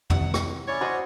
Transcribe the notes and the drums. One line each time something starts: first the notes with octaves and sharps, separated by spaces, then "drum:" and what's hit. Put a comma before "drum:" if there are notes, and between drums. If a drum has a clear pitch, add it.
C3 E3 F#5, drum: tom F2
drum: rim click
C#4 E4 C#5 D5
F#4 C5 D#5 C6 D#6